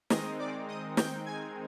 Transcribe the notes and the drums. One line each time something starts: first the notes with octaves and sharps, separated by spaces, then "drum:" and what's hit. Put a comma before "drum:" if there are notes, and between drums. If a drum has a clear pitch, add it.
D#3 G#3 C4 D#4 D#5 D#6, drum: snare
D5 D6
D#5 D#6
G5 G6, drum: snare
G#5 G#6